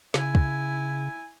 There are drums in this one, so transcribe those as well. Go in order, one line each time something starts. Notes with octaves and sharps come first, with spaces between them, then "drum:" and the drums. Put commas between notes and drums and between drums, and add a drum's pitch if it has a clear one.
C#3 E4 G#5, drum: snare
drum: kick